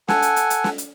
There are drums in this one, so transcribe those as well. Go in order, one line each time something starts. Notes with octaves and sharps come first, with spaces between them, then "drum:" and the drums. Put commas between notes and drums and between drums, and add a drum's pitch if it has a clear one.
A4 F#5 G#5, drum: snare
drum: hi-hat
drum: hi-hat
drum: hi-hat
drum: snare
drum: hi-hat